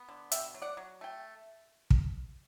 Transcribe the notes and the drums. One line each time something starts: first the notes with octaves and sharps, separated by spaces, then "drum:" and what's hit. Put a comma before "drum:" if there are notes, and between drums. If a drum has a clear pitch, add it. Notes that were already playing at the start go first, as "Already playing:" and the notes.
Already playing: B3
D3
B2 E5 G5, drum: hi-hat
F#3
D5 F#5
F#3
A3 G5
drum: kick